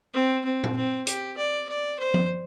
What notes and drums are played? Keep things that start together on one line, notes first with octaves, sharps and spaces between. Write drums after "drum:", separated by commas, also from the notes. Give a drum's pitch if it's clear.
C4
C4
drum: tom
C4
G4, drum: hi-hat
D5
D5
C5
drum: tom F3